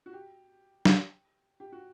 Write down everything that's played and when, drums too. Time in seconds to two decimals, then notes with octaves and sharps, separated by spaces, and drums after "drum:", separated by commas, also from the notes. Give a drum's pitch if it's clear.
0.06 F#4
0.13 G4
0.85 drum: snare
1.60 G4
1.72 F#4